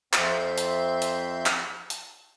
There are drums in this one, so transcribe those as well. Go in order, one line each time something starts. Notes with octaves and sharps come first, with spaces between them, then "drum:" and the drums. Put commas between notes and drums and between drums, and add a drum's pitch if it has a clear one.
F2 C4 E5 C6 G6, drum: clap
drum: hi-hat
drum: hi-hat
drum: clap
drum: hi-hat